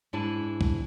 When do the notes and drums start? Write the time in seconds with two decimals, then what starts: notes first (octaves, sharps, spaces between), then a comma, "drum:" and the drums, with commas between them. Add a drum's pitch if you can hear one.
0.13 G#2 D4 E4 G#5 A5
0.61 drum: kick